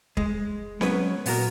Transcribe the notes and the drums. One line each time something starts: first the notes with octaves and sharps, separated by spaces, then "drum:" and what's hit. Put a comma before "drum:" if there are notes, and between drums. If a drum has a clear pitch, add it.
G#3, drum: kick
F#3 B3 C#4 B4 C#5, drum: snare C4
A#2 B3 F#4 A#4, drum: open hi-hat